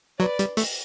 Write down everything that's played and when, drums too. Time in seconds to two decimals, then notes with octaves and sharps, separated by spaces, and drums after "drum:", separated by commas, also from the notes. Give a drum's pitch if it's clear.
0.20 F#3 B4 D5
0.39 G3, drum: hi-hat
0.57 A3, drum: open hi-hat